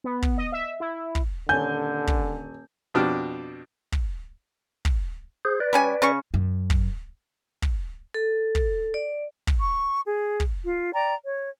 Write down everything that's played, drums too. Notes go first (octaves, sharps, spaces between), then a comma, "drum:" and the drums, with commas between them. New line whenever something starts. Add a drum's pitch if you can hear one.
B3
drum: kick
D#5
E5
E4
drum: kick
D#1 D3 C#5 G#5 G6
drum: kick
F2 B2 D4 G4 F6
drum: kick
drum: kick
G#4 C5
B4 D5
G3 C#4 G#5
C#3 C#4 C#6
F#2
drum: kick
drum: kick
A4
drum: kick
D5
drum: kick
C#6
G#4
drum: kick
F4
D5 G5 A#5
C#5